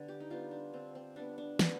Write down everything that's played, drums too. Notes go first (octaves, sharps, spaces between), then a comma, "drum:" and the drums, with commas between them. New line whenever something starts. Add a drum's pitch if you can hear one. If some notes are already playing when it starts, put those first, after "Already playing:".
Already playing: D3 G3 B3
G4
D#4
G3 B3 F4
D4
D3 C4
C4
G3 B3 D4
D4
D3 B3, drum: snare